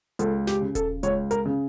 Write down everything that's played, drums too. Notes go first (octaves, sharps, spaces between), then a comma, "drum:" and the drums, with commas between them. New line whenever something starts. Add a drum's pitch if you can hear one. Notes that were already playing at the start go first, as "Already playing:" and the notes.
C#2 A4, drum: hi-hat
G4, drum: snare
C#3
A4, drum: kick D#1, hi-hat
C#2 C#5, drum: hi-hat
A#4, drum: hi-hat
C#3